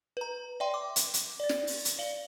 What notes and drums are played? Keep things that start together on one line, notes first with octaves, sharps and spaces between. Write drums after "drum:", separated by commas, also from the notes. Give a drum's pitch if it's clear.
B4 A#5
D5 E5 G5 C6
D6
drum: hi-hat
drum: hi-hat
D5 A6
drum: snare
drum: open hi-hat
drum: hi-hat
D5 F5 F#7 G7